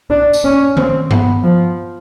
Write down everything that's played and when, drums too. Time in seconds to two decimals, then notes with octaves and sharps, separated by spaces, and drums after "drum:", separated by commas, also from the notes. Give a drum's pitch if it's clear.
0.10 D4
0.33 drum: tambourine
0.44 C#4
0.77 C4, drum: tom D#3
1.11 B3, drum: tom G2
1.44 F3